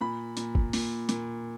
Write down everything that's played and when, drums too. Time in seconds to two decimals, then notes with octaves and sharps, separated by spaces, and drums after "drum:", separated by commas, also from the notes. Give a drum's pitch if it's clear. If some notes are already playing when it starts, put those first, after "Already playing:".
0.01 A#2 B5
0.37 A#2, drum: hi-hat
0.55 drum: kick
0.73 A#2, drum: open hi-hat
1.09 A#2, drum: hi-hat